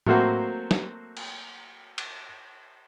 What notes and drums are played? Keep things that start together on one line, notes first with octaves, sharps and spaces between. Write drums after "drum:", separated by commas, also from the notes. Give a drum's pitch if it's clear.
F#3 A3 A#3 C4 F#4 C5, drum: tom A2
drum: snare
drum: cymbal
drum: cymbal